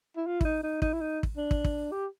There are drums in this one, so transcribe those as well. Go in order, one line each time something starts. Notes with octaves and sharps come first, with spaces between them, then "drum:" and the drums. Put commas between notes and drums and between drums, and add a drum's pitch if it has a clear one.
E4
F4
E4, drum: kick
D#4
D#4
D#4, drum: kick
E4
D#4
drum: kick
D4
drum: kick
drum: kick
G4